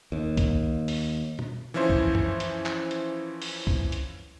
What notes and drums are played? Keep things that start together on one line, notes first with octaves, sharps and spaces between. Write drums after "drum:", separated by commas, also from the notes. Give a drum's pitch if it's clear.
D#2
drum: kick C2, hi-hat
drum: open hi-hat
drum: tom B2
E3 F3 C#4 E4 C5
drum: kick C2
drum: tom F#2
drum: hi-hat
drum: clap
drum: hi-hat
drum: open hi-hat
drum: kick C2
drum: hi-hat